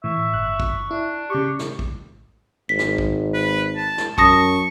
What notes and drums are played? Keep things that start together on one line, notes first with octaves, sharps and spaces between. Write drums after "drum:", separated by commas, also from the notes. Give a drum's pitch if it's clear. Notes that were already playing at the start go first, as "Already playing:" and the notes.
A2 E3 E5 C#6
G1 F#6
drum: kick
D4 E4
C#3 G4 C#6
drum: snare
drum: kick
G#1 B6
drum: snare
drum: kick
B4
A5
drum: snare
F#2 A5 C#6 D#6 A#6, drum: kick